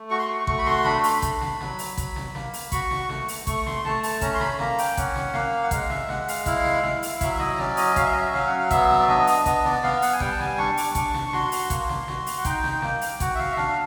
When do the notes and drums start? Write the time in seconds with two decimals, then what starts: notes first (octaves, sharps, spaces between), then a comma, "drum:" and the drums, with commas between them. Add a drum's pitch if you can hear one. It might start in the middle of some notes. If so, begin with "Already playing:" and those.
Already playing: A3
0.10 F#4 C#6
0.19 C6
0.27 C#6
0.47 A3 C#6, drum: kick A1
0.58 B5
0.66 C6, drum: snare
0.84 D4 B5, drum: snare
0.98 C6
1.04 B5, drum: open hi-hat
1.22 D4, drum: kick A1, hi-hat
1.41 drum: snare
1.61 F#3, drum: snare
1.79 drum: open hi-hat
1.97 F#3, drum: kick A1, hi-hat
2.16 drum: snare
2.35 A#3, drum: snare
2.53 drum: open hi-hat
2.72 F#4 C#6, drum: kick A1, hi-hat
2.91 drum: snare
3.09 A3, drum: snare
3.28 drum: open hi-hat
3.47 A3 C#6, drum: kick A1, hi-hat
3.66 C6, drum: snare
3.85 A3 A5, drum: snare
4.03 A5, drum: open hi-hat
4.21 C#4 A#5, drum: kick A1, hi-hat
4.34 C6
4.40 B5, drum: snare
4.59 A#3 A#5, drum: snare
4.78 G5, drum: open hi-hat
4.97 C#4 F#5, drum: kick A1, hi-hat
5.15 drum: snare
5.34 A#3 F5, drum: snare
5.63 F#5
5.71 G#3 F5, drum: kick A1, hi-hat
5.90 E5, drum: snare
6.09 G#3 F#5, drum: snare
6.28 F5, drum: open hi-hat
6.46 E4 F5, drum: kick A1, hi-hat
6.65 drum: snare
6.83 E4, drum: snare
7.03 drum: open hi-hat
7.21 F#3 E5, drum: kick A1, hi-hat
7.33 E5
7.40 D#5, drum: snare
7.58 C#4 D5, drum: snare
7.77 D#5, drum: open hi-hat
7.96 F#3 F5, drum: kick A1, hi-hat
8.05 E5
8.12 D#5
8.20 E5
8.34 F#3 F5, drum: snare
8.47 F#5
8.59 F5
8.71 B3 E5, drum: kick A1, hi-hat
8.90 drum: snare
9.00 D5
9.08 D4 D#5, drum: snare
9.27 drum: open hi-hat
9.46 B3 D#5, drum: kick A1, hi-hat
9.65 D5, drum: snare
9.83 B3 F5, drum: snare
10.02 F#5, drum: open hi-hat
10.13 G#5
10.20 G3 G5, drum: kick A1
10.31 A5
10.39 G#5, drum: snare
10.58 D4 C#6, drum: snare
10.77 D6, drum: open hi-hat
10.95 D4 C#6, drum: kick A1, hi-hat
11.14 drum: snare
11.27 C#6
11.33 F#4 C6, drum: snare
11.52 drum: open hi-hat
11.70 A#3, drum: kick A1, hi-hat
11.89 drum: snare
12.08 F#4, drum: snare
12.27 drum: open hi-hat
12.37 F#5
12.45 D#4 G5, drum: kick A1, hi-hat
12.64 drum: snare
12.82 A#3, drum: snare
13.01 drum: open hi-hat
13.20 F#4 F#5, drum: kick A1, hi-hat
13.35 E5
13.39 F5, drum: snare
13.52 E5
13.57 D4 F5, drum: snare